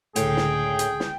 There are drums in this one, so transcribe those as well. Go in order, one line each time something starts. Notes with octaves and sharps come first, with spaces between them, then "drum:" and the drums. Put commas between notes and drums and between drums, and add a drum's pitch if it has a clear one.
C#2 A2 D3 G#4 G5, drum: hi-hat
drum: snare
drum: hi-hat
drum: snare